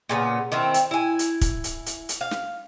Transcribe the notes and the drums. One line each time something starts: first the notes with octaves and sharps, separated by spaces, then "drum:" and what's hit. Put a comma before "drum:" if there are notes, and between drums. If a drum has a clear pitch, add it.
A#2 C#3 B3
D#3 C4 E4
drum: hi-hat
E4 G#5
drum: hi-hat
drum: kick, hi-hat
drum: hi-hat
drum: hi-hat
drum: hi-hat
F5
drum: snare